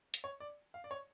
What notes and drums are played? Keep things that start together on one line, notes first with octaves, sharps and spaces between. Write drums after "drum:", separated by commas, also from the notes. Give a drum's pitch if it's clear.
drum: hi-hat
C#5
D5
F5
D5
C#5